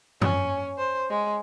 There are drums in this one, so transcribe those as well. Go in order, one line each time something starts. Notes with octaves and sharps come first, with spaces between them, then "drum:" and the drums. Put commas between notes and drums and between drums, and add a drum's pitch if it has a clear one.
C#4, drum: tom F#2
C5
G#3